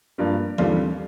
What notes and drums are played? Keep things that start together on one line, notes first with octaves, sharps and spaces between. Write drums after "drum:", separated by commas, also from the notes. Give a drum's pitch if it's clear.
G2 F3 A#3 D4
D#2 D3 G3 C4 F4, drum: tom E3